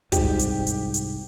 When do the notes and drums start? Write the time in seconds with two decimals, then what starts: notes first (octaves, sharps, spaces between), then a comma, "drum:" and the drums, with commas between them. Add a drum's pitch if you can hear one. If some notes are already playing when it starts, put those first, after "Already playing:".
0.12 C2 G#2 G4, drum: kick, hi-hat
0.39 drum: hi-hat
0.67 drum: hi-hat
0.94 drum: hi-hat